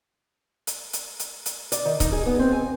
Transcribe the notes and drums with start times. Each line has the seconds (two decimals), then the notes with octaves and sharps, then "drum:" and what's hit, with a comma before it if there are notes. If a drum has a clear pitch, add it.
0.67 drum: hi-hat
0.93 drum: hi-hat
1.19 drum: hi-hat
1.46 drum: hi-hat
1.72 D5, drum: hi-hat
1.85 D#3
2.00 D#4, drum: kick C#1, hi-hat
2.12 G#4
2.26 B3
2.39 C4
2.52 G#5